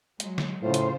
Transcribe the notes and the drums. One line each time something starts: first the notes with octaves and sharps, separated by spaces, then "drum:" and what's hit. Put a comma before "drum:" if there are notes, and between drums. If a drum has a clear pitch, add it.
F#3 G#3, drum: hi-hat
drum: snare
A2 C#3 F4 C5
drum: hi-hat